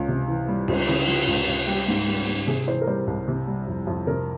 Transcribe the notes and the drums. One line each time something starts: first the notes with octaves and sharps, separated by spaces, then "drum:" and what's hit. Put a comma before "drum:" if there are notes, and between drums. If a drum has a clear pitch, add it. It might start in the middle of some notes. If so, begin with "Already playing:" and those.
Already playing: C#2
C3
E3
G3
C#2, drum: cymbal
C#3 E4
F3
C#2
C#2
G3 G4
G#2
G3
G#2
C3 G#4
E3 C5
A#4
G3 C5
C2
C3
G3
F2
F2
C3 A#4